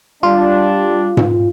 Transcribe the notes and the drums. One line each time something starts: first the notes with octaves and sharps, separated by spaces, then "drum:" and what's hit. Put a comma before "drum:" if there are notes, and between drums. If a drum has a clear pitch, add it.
G3 D4 F4
drum: tom G#2